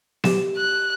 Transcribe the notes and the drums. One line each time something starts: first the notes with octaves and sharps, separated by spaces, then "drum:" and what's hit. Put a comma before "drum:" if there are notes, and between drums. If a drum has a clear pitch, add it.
G4 E7, drum: snare B3
F#6